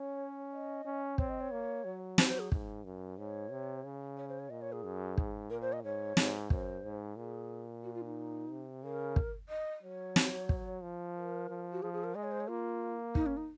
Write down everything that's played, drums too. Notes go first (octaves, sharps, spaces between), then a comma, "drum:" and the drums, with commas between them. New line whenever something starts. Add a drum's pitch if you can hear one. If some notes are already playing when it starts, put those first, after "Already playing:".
Already playing: C#4 C#5
D#5
C#4
C4 C#5, drum: kick
D#5
C#5
A#3
F#3
C5, drum: snare
C5
G#4
G#2, drum: kick
F#2
G#2 C#5
C3
C#3
C#5
C5
C#5
A#2 D#5
C#5
G#4
F#2
G#2, drum: kick
A#2 A#4
C5
D#5
G#2 C#5
G#2, drum: snare
F#2 C5, drum: kick
G#2
A#2 G#4
F#4
F4
D#4
C3
C#3 A#4
drum: kick
D#5
F#3 C#5
drum: snare
drum: kick
F3
A#4
F3
F#4
F3 G#4
G#4
A#4
G#3 D#5
C#5
C5
C#5
A#3 F4
D#4, drum: kick
C#4
D#4